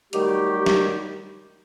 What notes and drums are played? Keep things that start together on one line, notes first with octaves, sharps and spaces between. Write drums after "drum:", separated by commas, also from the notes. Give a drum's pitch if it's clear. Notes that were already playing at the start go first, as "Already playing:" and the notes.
D#3 F#3 G3 A3 G4, drum: hi-hat
drum: snare